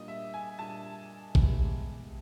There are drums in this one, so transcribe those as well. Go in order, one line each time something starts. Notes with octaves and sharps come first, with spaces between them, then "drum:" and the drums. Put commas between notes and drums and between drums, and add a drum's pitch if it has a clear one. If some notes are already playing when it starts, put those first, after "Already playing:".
Already playing: A#2 G3 A#3 D4 D#5
E5
G#5
A#2 G3 A#3 D4 A5
G#3 B3 D#4 G4, drum: kick